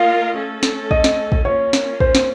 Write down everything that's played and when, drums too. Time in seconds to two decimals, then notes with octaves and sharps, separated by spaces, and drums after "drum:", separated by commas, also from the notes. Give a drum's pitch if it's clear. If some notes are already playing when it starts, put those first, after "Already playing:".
Already playing: A#3 F4 A#4 D#5 F5
0.35 A3 C#4 A4
0.63 drum: snare
0.91 D#5, drum: kick
1.04 drum: snare
1.32 drum: kick
1.45 A#3 C#4 F4 C#5
1.73 drum: snare
2.00 C5, drum: kick
2.15 drum: snare